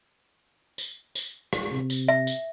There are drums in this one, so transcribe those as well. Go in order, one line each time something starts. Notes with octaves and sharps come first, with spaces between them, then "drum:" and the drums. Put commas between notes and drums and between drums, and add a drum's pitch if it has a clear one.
drum: tambourine
drum: tambourine
drum: rim click
C3
drum: tambourine
E5
drum: tambourine